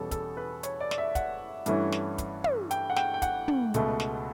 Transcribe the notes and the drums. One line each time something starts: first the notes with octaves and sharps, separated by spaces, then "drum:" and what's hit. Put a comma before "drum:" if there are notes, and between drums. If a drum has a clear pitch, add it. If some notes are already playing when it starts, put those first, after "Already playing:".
Already playing: E2 B2 G3 C#4 A4
A4, drum: kick, hi-hat
B4
C#5, drum: hi-hat
D5
D5, drum: snare
E5
F#5, drum: kick, hi-hat
G2 E3 A3 C#4, drum: hi-hat
drum: snare
drum: kick, hi-hat
drum: tom
G5, drum: hi-hat
F#5
G5, drum: snare
G5
F#5, drum: kick, hi-hat
drum: tom
C#2 B2 A3, drum: hi-hat
drum: snare